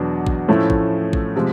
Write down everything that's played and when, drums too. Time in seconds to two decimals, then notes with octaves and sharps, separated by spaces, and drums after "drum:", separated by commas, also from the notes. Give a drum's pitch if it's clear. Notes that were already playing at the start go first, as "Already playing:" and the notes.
Already playing: E2 B2 F#3 B3 D4
0.27 drum: kick A1
0.48 A2 F3 A3 C#4 E4
0.70 drum: kick A1
1.13 drum: kick A1
1.36 C3 F3 G#3